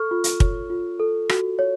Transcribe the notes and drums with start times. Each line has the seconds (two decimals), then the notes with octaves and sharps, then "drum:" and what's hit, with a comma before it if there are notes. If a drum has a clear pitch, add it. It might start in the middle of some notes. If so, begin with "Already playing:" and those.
Already playing: A4 C#6 F6
0.11 F4
0.24 drum: hi-hat
0.40 C#5, drum: kick
0.70 F4
1.00 A4
1.29 F#4, drum: rim click
1.59 C#5